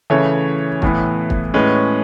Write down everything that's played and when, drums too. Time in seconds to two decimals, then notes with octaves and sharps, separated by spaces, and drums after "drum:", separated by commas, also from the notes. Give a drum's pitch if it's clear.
0.10 C#3 E3 A3 C#5
0.82 A2 E3 B3, drum: kick
1.30 drum: kick
1.54 A2 G#3 C#4 B4